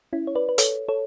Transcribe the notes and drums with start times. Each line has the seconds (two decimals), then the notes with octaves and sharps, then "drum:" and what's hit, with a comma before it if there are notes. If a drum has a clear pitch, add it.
0.13 C#4 E4
0.27 C#5
0.35 B4 D5
0.49 B4
0.58 A4 C#5, drum: hi-hat
0.88 A4 C#5